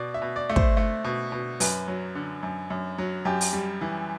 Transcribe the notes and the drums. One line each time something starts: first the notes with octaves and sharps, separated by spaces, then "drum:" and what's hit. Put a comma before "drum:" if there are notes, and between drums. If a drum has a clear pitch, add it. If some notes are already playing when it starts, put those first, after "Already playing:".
Already playing: B2 D5
E5
B2
D5
A3
C5, drum: kick
A3
B2
B2
F#2 B4, drum: open hi-hat
F#3
D3
F#2
F#2
F#3
F#2 G4
drum: open hi-hat
G3
E3